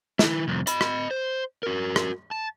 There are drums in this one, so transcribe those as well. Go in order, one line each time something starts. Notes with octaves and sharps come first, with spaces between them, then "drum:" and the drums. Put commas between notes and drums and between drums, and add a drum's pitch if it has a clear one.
D#3 E4, drum: snare
C2 F2
D#5 B5, drum: hi-hat
drum: rim click
C5
F#4 A#4
drum: rim click
A5